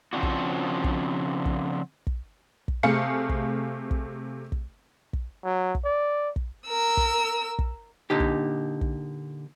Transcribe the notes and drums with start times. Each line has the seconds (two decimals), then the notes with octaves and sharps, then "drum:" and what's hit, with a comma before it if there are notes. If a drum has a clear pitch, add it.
0.13 C#3 F3 C4 D4 F#4
0.23 drum: kick
0.84 drum: kick
1.45 drum: kick
2.07 drum: kick
2.68 drum: kick
2.83 C3 A3 G#4 F5 C#7
3.29 drum: kick
3.91 drum: kick
4.52 drum: kick
5.13 drum: kick
5.44 F#3
5.75 drum: kick
5.85 D5
6.36 drum: kick
6.67 A#4 E6
6.97 drum: kick
7.59 drum: kick
8.10 A#2 D3 D#4 G4
8.20 drum: kick
8.81 drum: kick